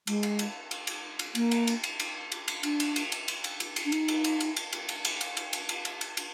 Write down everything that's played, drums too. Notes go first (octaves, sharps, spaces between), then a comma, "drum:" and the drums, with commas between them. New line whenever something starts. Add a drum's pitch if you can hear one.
G#3, drum: cymbal
drum: cymbal
drum: cymbal
drum: cymbal
drum: cymbal
drum: cymbal
A#3, drum: cymbal
drum: cymbal
drum: cymbal
drum: cymbal
drum: cymbal
drum: cymbal
drum: cymbal
D4, drum: cymbal
drum: cymbal
drum: cymbal
drum: cymbal
drum: cymbal
drum: cymbal
drum: cymbal
drum: cymbal
D4
D#4, drum: cymbal
drum: cymbal
drum: cymbal
drum: cymbal
drum: cymbal
drum: cymbal
drum: cymbal
drum: cymbal
drum: cymbal
drum: cymbal
drum: cymbal
drum: cymbal
drum: cymbal
drum: cymbal
drum: cymbal